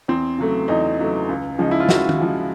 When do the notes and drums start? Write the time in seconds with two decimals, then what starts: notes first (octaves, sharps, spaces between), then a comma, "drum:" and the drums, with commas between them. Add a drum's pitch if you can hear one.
0.08 E2 C4
0.38 C#3 F#3 A3
0.68 E2 D#4
0.98 C#3 F#3 A3
1.29 C#2
1.59 C#3 F3 G#3 D#4
1.71 E4
1.80 F4
1.89 C#2 F#4, drum: snare
2.09 drum: tom
2.19 C#3 F3 G#3